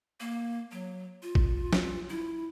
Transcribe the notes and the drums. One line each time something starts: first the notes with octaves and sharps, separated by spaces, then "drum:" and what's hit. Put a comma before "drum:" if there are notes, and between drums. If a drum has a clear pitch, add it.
A#3
F#3
F4
drum: kick A1
drum: snare
E4